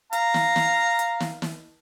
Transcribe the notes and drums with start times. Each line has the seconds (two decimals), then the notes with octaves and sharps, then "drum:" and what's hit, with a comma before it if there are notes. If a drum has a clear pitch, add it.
0.13 F5 A#5, drum: hi-hat
0.34 drum: snare
0.56 drum: snare
0.99 drum: hi-hat
1.20 drum: snare
1.42 drum: snare